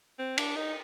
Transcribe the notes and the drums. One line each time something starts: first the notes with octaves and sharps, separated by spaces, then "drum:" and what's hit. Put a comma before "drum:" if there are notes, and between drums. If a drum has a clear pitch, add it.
C4
D4, drum: cymbal
D#4